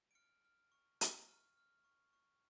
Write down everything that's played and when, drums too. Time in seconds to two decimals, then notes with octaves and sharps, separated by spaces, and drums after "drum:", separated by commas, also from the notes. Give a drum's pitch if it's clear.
0.11 D7
0.15 F6 C#7
0.45 F6
0.72 C#6
1.01 C#6, drum: hi-hat
1.28 F6
1.57 F6
1.85 C#6
2.13 C#6